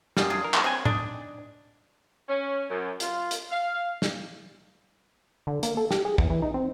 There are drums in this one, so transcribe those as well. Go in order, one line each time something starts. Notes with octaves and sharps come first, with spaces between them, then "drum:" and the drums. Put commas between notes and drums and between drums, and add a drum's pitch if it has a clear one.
F#2 G3 A#3 F4 G#4, drum: snare
D4 F4 G#4
A#4
drum: clap
C4 F#4 C#5 G#5
D4 D#4, drum: tom
C#4
F#2
F4, drum: hi-hat
drum: hi-hat
F5
drum: snare
D3
A#3, drum: hi-hat
A4
G4, drum: snare
G#4
E2, drum: kick
E3
D#4
C4